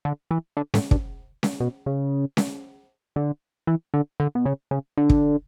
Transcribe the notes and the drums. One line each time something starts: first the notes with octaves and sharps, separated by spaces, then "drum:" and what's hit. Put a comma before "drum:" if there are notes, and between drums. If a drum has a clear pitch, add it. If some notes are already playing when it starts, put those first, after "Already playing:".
D3
E3
D3
A2, drum: snare C#4
G2, drum: kick
drum: snare C#4
B2
C#3
drum: snare C#4
D3
E3
D3
D3
B2
C#3
C#3
D3
drum: kick